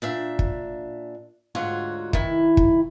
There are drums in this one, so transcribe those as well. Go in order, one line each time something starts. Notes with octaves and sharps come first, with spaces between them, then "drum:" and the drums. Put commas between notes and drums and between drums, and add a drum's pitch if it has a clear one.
A#2 D4 E5
drum: kick
D2 G#2 F4 F#4 C#5 F#5
D#3 E4, drum: kick
drum: kick